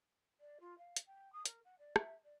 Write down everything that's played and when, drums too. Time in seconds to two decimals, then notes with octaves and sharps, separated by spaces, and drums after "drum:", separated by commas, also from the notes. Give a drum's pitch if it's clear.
0.40 D5
0.60 F4
0.78 F5
0.96 drum: hi-hat
1.06 G5
1.32 D#6
1.45 A#4, drum: hi-hat
1.64 F#5
1.78 D5
1.96 E5, drum: rim click
2.24 D5